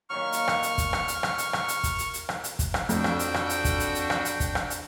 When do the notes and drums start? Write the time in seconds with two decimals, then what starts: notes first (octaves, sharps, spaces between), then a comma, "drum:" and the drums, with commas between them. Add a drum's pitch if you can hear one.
0.10 A#2 D#3 F#3 C#6 F6
0.32 drum: hi-hat
0.48 drum: rim click
0.63 drum: hi-hat
0.78 drum: kick, hi-hat
0.93 drum: rim click
1.08 drum: hi-hat
1.23 drum: rim click
1.38 drum: hi-hat
1.53 drum: rim click
1.68 drum: hi-hat
1.83 drum: kick, hi-hat
1.99 drum: hi-hat
2.14 drum: hi-hat
2.29 drum: rim click
2.44 drum: hi-hat
2.59 drum: kick, hi-hat
2.74 drum: rim click
2.89 F2 D4 F#4 G5, drum: hi-hat
3.04 drum: rim click
3.19 drum: hi-hat
3.34 drum: rim click
3.49 drum: hi-hat
3.65 drum: kick, hi-hat
3.80 drum: hi-hat
3.95 drum: hi-hat
4.10 drum: rim click
4.25 drum: hi-hat
4.40 drum: kick, hi-hat
4.55 drum: rim click
4.70 drum: hi-hat